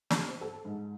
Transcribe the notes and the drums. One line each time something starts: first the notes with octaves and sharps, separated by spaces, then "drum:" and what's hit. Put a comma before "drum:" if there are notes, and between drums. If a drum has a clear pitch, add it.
D5, drum: snare
C5
A4
G#2